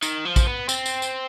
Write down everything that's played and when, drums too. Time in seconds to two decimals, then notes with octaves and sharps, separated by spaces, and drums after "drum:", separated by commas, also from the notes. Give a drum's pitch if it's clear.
0.03 D#3, drum: tambourine
0.25 F3
0.36 drum: kick A#1, tambourine
0.47 B3
0.69 C4, drum: tambourine
0.86 drum: tambourine
1.02 drum: tambourine